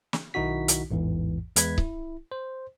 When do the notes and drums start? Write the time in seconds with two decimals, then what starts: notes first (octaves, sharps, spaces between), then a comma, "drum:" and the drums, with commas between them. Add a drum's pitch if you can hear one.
0.13 drum: snare
0.34 B1 D#3 D#4 E4 F#4 B6
0.68 drum: hi-hat
0.91 A1 E2 G#2 E3
1.56 E2 G#3 B4 G#6 B6, drum: hi-hat
1.78 E4, drum: kick C#1
2.32 C5